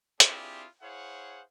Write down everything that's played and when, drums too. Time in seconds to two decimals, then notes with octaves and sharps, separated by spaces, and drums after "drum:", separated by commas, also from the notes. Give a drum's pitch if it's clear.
0.20 C4 D4 E4 F4 G4 G#4, drum: hi-hat
0.82 E4 G#4 C5 C#5 F5 F#5